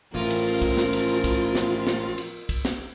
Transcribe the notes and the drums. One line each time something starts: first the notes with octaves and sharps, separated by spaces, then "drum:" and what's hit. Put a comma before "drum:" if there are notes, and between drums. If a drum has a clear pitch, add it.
A1 F3 F4 A#4
drum: cymbal
drum: kick, cymbal
drum: snare
drum: cymbal
drum: kick, cymbal
drum: snare
drum: snare
drum: cymbal
drum: kick, cymbal
drum: snare